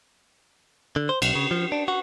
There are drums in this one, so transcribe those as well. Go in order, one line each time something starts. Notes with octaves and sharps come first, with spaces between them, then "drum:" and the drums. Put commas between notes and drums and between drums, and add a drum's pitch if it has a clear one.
D3
C5
B1, drum: cymbal
C#3
F3
D4
F#4